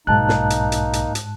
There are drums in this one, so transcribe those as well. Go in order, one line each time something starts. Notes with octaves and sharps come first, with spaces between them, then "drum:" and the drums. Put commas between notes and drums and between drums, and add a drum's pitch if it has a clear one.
B1 G#2 A#3 D#4 A5 F#6
drum: snare
drum: hi-hat
drum: hi-hat
drum: hi-hat
drum: hi-hat